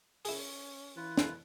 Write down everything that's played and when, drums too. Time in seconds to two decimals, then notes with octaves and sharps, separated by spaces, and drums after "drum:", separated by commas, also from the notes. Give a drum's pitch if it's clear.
0.25 C#4 E4 G#4, drum: open hi-hat
0.96 E3 F4 B4
1.17 drum: snare